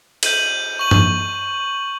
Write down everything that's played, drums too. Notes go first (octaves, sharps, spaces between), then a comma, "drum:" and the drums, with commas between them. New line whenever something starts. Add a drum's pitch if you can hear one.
G6 D#7 F#7, drum: cymbal
C#6 F#7
drum: tom G2